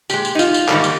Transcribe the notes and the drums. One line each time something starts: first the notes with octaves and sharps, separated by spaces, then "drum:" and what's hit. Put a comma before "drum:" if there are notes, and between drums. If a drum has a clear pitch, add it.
A#2 G#3 G4, drum: tambourine
drum: tambourine
D#4
F4, drum: tambourine
drum: tambourine
G#2 D#3 G3 A#3, drum: clap
drum: tambourine